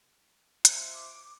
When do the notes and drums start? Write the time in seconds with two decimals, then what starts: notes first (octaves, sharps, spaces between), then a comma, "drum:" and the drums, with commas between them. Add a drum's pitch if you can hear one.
0.65 F4 C5 E5, drum: hi-hat
0.95 D6